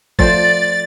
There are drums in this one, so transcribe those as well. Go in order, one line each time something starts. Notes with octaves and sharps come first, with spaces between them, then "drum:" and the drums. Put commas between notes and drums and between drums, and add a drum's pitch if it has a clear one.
F3 A3 C5 D5 A6, drum: kick